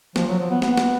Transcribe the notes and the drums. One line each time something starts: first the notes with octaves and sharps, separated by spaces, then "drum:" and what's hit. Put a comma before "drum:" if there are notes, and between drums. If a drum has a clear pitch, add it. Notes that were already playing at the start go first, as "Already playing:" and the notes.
F3, drum: snare
F#3
F3
B3
B3, drum: snare
drum: snare